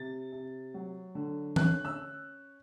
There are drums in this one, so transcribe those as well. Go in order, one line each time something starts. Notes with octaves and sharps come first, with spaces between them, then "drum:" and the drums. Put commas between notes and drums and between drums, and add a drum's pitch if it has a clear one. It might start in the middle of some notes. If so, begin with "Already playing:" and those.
Already playing: C3 A6
C3
F#3
D3
C#4 F#6, drum: tom E3
E6